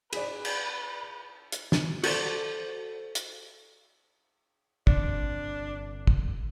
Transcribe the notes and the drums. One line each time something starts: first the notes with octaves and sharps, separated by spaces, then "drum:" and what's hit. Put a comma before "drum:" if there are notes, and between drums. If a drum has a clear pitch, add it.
G#4 B4 D5, drum: cymbal
drum: cymbal
drum: hi-hat
drum: snare
F#4 A4 C5 D5, drum: cymbal
drum: hi-hat
G1 C3 D4, drum: kick
drum: kick